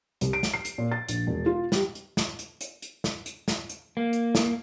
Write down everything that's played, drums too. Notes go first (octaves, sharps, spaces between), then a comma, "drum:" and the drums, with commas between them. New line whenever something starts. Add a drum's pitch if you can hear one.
C2, drum: hi-hat
D7
drum: snare
C7
drum: hi-hat
A#2
A6
A#1, drum: hi-hat
E1
F4
G3, drum: snare
drum: hi-hat
drum: snare
drum: hi-hat
drum: hi-hat
drum: hi-hat
drum: snare
drum: hi-hat
drum: snare
drum: hi-hat
A#3
drum: hi-hat
drum: snare